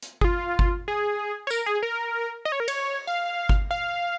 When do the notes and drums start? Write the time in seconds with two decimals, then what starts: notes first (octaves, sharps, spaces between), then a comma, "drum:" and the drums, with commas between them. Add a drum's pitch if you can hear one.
0.03 drum: hi-hat
0.21 G#4, drum: kick G1
0.24 F4
0.59 drum: kick G1
0.88 G#4
1.47 C#5
1.51 A#4, drum: tambourine
1.66 G#4
1.83 A#4
2.45 D#5
2.52 C#5
2.60 A#4
2.68 C#5, drum: cymbal
3.07 F5
3.49 drum: kick G1
3.71 F5